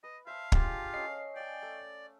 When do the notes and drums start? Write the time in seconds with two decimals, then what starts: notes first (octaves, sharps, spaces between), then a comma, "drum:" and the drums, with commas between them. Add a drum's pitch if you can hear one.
0.04 B4 D#5
0.27 C5 E5 F5 A5
0.52 G#3 D4 F4 G4, drum: kick
0.94 C#4 A4 C#5 D#5 C7
1.36 D5 F5 G5 G#5
1.62 A3